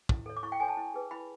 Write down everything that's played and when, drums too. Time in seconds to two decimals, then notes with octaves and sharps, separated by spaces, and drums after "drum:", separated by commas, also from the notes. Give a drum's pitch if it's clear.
0.09 E4, drum: kick
0.26 A4 C#5
0.36 D6
0.43 E4 C#6
0.52 G5
0.60 A4 C#5 G#5
0.68 A5
0.77 E4
0.94 G#4 B4
1.11 E4 B5